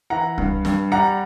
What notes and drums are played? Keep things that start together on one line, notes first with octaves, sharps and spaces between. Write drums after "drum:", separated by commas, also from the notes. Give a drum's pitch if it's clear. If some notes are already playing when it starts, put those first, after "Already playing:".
E3 F#5 A#5
G2, drum: kick C2
G2, drum: snare
G3 F#5 A#5